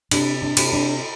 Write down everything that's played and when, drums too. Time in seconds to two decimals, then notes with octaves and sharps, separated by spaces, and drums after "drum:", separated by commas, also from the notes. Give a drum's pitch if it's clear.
0.11 C3 D4, drum: cymbal
0.42 D4
0.57 C3, drum: cymbal
0.73 D4